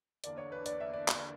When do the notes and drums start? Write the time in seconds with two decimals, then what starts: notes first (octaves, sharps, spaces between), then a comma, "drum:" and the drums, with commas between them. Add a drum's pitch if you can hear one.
0.24 E2 D3 A#3 D4 D5, drum: hi-hat
0.38 C#5
0.52 B4
0.66 D5, drum: hi-hat
0.80 E5
0.93 D5
1.08 drum: clap